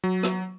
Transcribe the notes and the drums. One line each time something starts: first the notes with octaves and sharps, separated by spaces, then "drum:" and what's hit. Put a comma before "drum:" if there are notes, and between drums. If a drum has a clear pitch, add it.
F#3
drum: rim click